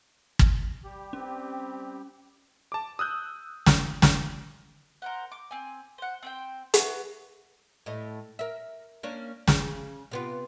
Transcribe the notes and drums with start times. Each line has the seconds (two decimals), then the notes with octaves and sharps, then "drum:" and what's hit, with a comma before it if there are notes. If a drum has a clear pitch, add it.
0.39 drum: kick
0.84 G3 G4
1.13 C4 C#4
2.72 A5 D6
2.99 D#6 E6 F#6 G6
3.66 drum: snare
4.02 drum: snare
5.02 A#4 C5 F#5
5.31 D6
5.51 C4 G#5
5.98 C5 F#5
6.23 C4 C5 G5
6.74 E4 F#4 B4, drum: hi-hat
7.86 A2 A3 D#5
8.39 A#4 E5
9.03 A#3 C#4 D4
9.47 C#3, drum: snare
10.12 C3 B3 F4